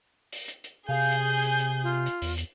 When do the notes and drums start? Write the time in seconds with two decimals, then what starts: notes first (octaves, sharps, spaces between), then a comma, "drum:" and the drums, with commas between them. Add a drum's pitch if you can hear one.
0.32 drum: open hi-hat
0.48 drum: hi-hat
0.64 drum: hi-hat
0.89 C3 G#4 F5 G6
1.11 drum: hi-hat
1.21 G#5
1.43 drum: hi-hat
1.59 drum: hi-hat
1.83 F4
2.06 drum: hi-hat
2.22 E2, drum: open hi-hat
2.38 drum: hi-hat